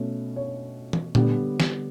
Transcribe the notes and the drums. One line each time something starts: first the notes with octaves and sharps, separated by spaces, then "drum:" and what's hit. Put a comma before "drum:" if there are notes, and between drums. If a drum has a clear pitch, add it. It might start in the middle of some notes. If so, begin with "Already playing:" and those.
Already playing: B2 A3 C#4
C#5
drum: tom
D3 G3 B3, drum: tom A#2
drum: snare